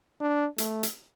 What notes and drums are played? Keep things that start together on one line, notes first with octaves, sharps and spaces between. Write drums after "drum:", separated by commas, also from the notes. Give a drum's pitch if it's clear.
D4
A3, drum: hi-hat
drum: hi-hat